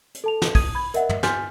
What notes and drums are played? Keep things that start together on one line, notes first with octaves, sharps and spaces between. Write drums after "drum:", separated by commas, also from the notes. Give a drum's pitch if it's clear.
drum: hi-hat
A4 A5 F7
drum: snare
D#6 G#6 D#7, drum: kick, open hi-hat
B5 G#6
A#4 D#5 E5 F#5, drum: hi-hat
drum: tom
G#5 C6 F6 G6 A6 B6, drum: snare